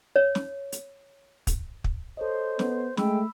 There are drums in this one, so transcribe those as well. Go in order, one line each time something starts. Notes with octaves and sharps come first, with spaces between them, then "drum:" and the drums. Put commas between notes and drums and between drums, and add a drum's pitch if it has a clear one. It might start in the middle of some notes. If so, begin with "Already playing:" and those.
C#5
drum: snare
drum: hi-hat
drum: kick, hi-hat
drum: kick
A4 C5 C#5 D#5
B3, drum: snare
G#3 A3 G5 B5 E6, drum: snare